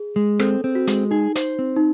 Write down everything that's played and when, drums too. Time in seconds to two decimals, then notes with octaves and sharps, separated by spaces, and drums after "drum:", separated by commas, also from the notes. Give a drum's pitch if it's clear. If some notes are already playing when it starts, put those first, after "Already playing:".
Already playing: G#4
0.16 G#3
0.39 C4 A4, drum: rim click
0.64 C4
0.75 F#4
0.87 G#3, drum: hi-hat
1.11 D#4 G#4
1.35 C5, drum: hi-hat
1.59 C4
1.76 D#4